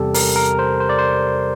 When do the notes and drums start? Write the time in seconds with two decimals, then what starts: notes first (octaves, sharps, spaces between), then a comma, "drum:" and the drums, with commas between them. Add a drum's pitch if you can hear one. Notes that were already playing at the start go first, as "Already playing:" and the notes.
Already playing: E2 C3 G3 G4 A4
0.14 A#4, drum: open hi-hat
0.36 A#4
0.59 C5
0.80 C5
0.89 D5
0.99 C5